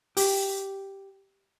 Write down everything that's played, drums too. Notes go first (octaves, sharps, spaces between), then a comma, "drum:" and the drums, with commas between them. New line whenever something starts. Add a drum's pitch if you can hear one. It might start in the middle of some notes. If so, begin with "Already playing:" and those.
G4, drum: open hi-hat